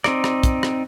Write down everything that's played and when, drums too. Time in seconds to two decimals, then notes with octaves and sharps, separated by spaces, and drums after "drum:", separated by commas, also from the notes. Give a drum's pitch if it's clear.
0.04 C4 D#4 D5, drum: rim click
0.24 drum: rim click
0.43 drum: kick, hi-hat
0.63 drum: rim click